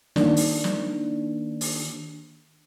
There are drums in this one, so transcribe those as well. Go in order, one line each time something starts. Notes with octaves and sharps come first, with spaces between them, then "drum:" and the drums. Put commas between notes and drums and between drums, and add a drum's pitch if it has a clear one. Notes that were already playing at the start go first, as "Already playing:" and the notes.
D#3 A#3 D4, drum: snare
drum: open hi-hat
drum: snare
drum: open hi-hat